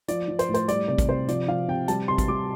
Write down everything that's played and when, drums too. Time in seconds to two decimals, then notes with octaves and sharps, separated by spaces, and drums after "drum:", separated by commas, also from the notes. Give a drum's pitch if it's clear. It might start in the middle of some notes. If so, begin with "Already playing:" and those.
0.08 F3 D5, drum: hi-hat
0.28 F3
0.39 C5, drum: hi-hat
0.49 A2
0.54 C5, drum: hi-hat
0.68 G3 D5, drum: hi-hat
0.88 C3 D5
0.98 drum: kick, hi-hat
1.08 C3 C5
1.28 F3 D5, drum: hi-hat
1.48 F3 F5
1.68 C3 G5
1.88 G3 A5, drum: hi-hat
2.08 C3 C6
2.18 drum: kick, hi-hat
2.28 G3 D6